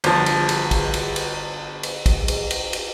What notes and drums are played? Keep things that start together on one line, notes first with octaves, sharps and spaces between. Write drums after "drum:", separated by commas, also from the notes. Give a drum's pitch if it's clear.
G1 F3, drum: cymbal
drum: cymbal
drum: cymbal
drum: kick, cymbal
drum: cymbal
drum: cymbal
drum: cymbal
drum: kick, cymbal
drum: cymbal
drum: cymbal
drum: cymbal